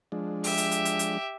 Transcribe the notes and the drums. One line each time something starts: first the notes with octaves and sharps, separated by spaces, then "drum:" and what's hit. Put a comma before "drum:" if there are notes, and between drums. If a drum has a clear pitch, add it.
F3 G#3 D4
G4 E5, drum: open hi-hat
drum: hi-hat
drum: hi-hat
drum: hi-hat
drum: hi-hat